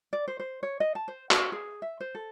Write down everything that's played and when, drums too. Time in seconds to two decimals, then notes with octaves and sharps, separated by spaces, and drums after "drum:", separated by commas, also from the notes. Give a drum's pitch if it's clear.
0.13 D5
0.28 C5
0.40 C5
0.63 C#5
0.80 D#5
0.95 A5
1.08 C5
1.31 F#4, drum: clap
1.52 G#4
1.82 E5
2.00 C5
2.15 A4